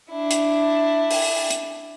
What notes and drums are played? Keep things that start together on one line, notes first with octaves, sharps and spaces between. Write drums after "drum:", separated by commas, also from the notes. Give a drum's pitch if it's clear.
D4 E4
drum: hi-hat
drum: open hi-hat
drum: hi-hat